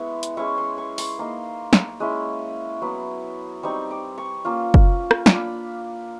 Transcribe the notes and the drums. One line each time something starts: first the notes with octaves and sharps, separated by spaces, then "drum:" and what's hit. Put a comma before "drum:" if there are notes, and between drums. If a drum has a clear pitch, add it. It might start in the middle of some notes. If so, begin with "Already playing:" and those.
Already playing: G#3 B3 E4 C#6
drum: hi-hat
G#3 C#4 E4 C#6
C6
C#6
C6, drum: open hi-hat
A#3 D#4 C6
drum: snare
G#3 C#4 E4
F#3 B3 E4
G3 C4 D#4 C#6
D6
C#6
A#3 C#4 F4
drum: kick F#1
drum: rim click
A#3 D4 F4 B5, drum: snare